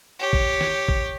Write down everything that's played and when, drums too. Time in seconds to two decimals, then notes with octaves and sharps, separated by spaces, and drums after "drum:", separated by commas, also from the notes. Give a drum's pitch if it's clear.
0.19 G4 C#5
0.33 drum: kick
0.61 drum: snare
0.89 drum: kick